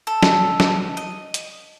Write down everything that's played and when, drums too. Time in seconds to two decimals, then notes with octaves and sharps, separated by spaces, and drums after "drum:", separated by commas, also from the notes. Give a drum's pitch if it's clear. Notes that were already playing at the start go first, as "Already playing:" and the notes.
0.07 A4
0.23 drum: snare
0.60 drum: snare
0.97 D#5
1.34 drum: hi-hat